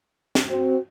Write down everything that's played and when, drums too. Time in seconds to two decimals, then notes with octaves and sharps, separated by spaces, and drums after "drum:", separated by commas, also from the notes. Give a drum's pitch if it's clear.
0.35 drum: snare
0.50 C4 F#4